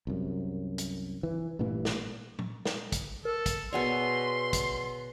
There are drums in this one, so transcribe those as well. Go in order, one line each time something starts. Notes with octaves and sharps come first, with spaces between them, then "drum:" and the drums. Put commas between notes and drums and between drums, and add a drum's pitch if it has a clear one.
C2 F#2
drum: hi-hat
E3
A1 G2 A#2 E3
drum: snare
drum: tom
drum: snare
drum: kick, hi-hat
A4 A#4
drum: kick, hi-hat
B2 G#4 C#5 D5 F#5 C6 E6
drum: kick, hi-hat